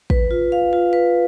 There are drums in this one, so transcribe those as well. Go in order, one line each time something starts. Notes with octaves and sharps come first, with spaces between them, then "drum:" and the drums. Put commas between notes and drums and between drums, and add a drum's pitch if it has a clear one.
B4, drum: kick
F4
F5
F4
B4